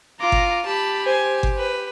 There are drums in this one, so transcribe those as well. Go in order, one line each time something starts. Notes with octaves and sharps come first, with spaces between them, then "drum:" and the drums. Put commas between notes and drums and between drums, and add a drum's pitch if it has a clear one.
F4 A#5 D6
drum: kick G1
G4 A5 B5
C5 G#5
drum: kick G1
B4